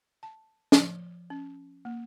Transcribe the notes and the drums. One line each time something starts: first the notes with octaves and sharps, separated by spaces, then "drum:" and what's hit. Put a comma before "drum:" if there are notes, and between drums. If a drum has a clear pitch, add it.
A5
F3, drum: snare
C#4
A#3